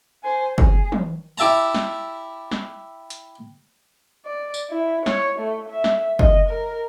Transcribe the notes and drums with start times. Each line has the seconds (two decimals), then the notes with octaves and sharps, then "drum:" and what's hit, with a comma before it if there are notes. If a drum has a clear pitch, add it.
0.23 C5 G#5
0.58 G#4, drum: kick
0.92 drum: tom
1.38 E4 G4 E5 A5 A#5
1.75 drum: snare
2.51 drum: snare
3.10 drum: hi-hat
4.26 D5
4.54 drum: tambourine
4.70 E4
5.06 C#5, drum: snare
5.39 A3
5.69 E5
5.84 drum: snare
6.19 D#5, drum: kick
6.49 A#4